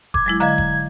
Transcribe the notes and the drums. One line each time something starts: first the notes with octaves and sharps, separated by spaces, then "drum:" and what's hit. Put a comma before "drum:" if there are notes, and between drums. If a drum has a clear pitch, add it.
D6 G#6, drum: kick F1
F#3 G#3 E4
D3 D#5 F5 A#5 G#6, drum: hi-hat
drum: kick F1